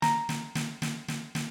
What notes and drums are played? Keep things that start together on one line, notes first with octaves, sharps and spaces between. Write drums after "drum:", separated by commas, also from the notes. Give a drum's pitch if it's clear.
A#5, drum: snare
drum: snare
drum: snare
drum: snare
drum: snare
drum: snare